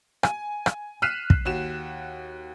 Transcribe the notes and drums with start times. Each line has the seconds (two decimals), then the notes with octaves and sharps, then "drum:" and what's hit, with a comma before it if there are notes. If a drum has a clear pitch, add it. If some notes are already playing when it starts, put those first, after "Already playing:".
0.23 G#5, drum: rim click
0.66 drum: rim click
1.02 F6 F#6 B6 C7 D#7 E7
1.30 drum: kick
1.45 D#2 F#4 E7